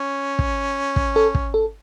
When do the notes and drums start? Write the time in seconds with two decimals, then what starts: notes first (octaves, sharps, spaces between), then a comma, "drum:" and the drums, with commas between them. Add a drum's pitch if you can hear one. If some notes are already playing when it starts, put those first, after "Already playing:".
Already playing: C#4
0.39 drum: kick
0.96 drum: kick
1.16 A4
1.35 drum: kick
1.54 A4